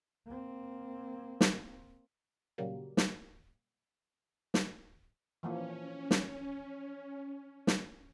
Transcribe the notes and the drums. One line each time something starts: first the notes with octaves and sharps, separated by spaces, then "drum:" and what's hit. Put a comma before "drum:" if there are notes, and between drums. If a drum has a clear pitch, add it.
A#3 C4
drum: snare
A#2 C#3 F#3 G3 A#3
drum: snare
drum: snare
E3 F3 A#3 C#4
drum: snare
drum: snare